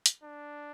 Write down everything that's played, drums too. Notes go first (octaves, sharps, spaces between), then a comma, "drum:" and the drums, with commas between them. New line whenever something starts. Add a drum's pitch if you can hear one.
drum: hi-hat
D4